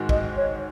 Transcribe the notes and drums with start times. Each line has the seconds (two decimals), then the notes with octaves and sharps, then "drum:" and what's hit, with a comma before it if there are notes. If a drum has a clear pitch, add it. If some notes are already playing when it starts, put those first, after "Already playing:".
Already playing: G#2 D#3 G#3 F#4
0.09 D#5, drum: kick G#1
0.37 C#5